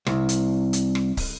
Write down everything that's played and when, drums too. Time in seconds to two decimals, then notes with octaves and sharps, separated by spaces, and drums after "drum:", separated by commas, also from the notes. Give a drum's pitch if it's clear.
0.07 C2, drum: rim click
0.29 drum: hi-hat
0.73 drum: hi-hat
0.95 drum: rim click
1.17 drum: kick, open hi-hat